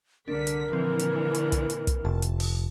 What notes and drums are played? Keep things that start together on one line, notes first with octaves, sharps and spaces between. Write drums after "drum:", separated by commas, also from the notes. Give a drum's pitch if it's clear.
C2 D3 D4 A#4 B6
drum: hi-hat
A#2 D3 E3 F3 C4
drum: hi-hat
drum: hi-hat
drum: kick, hi-hat
drum: hi-hat
drum: kick, hi-hat
F1 A5
drum: hi-hat
drum: open hi-hat